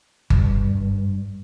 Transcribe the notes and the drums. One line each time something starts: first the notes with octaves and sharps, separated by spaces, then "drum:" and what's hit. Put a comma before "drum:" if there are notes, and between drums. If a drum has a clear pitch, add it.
G2, drum: kick G1